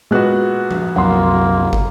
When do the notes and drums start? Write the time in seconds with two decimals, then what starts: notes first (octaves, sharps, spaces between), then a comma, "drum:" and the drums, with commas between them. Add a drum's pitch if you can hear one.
0.11 A#2 G#3 B3 F#4 F#6
0.71 drum: tom F3
0.96 C2 F#2 F#3 A#3 F#5 C6
1.73 drum: kick